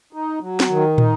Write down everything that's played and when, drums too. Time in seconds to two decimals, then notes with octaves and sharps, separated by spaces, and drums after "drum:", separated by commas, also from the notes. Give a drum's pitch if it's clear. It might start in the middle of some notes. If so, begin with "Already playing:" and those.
0.13 D#4
0.40 F#3
0.60 drum: snare
0.69 D#3
0.98 D#4, drum: tom